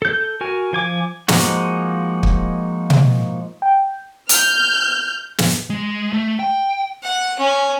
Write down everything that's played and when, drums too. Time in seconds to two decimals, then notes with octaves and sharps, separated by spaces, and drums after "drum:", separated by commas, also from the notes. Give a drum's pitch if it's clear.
0.02 A4 G6
0.41 F#4 A#4 G#5
0.73 F3 G#5 D6
1.28 F3 G#3 A#3 D#4 F#4, drum: snare
2.23 drum: kick
2.90 drum: tom B2
3.62 G5
4.29 F6 G6, drum: hi-hat
5.38 drum: snare
5.70 G#3
6.13 A3
6.39 G5
7.03 F#5
7.39 C#4